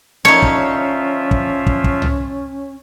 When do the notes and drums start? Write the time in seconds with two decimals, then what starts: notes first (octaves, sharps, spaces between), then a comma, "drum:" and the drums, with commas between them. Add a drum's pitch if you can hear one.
0.25 D3 F3 C#4 D#4 F4 C#5 E5
0.43 drum: kick
1.31 drum: kick
1.67 drum: kick
1.84 drum: kick
2.02 drum: tom C2